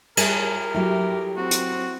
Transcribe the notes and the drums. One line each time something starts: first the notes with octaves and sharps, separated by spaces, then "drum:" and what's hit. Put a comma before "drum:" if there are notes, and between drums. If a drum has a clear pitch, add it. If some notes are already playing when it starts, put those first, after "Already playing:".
G3 G#4 A#4, drum: cymbal
F#3 A3 E4 G4
C4 F#4
drum: hi-hat